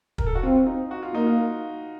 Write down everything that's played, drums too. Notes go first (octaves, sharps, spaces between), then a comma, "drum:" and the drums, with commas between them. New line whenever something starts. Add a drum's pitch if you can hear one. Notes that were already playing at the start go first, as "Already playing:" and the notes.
A#4, drum: kick
A4
F#4
C4 F4
D#4
F#4
F4
A#3 D#4
F4